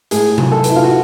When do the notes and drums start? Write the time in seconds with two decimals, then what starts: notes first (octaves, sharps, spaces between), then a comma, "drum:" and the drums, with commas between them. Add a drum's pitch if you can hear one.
0.11 A2 G#4, drum: hi-hat
0.38 F#3, drum: tom C3
0.52 A4
0.64 B3, drum: hi-hat
0.70 E4
0.76 F4
0.84 F#4